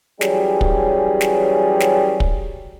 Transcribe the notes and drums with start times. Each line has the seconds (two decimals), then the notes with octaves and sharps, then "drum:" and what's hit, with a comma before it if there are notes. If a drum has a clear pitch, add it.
0.21 E3 F#3 G3 C#4 G4 G#4, drum: snare
0.61 drum: kick
1.21 drum: snare
1.80 drum: snare
2.20 drum: kick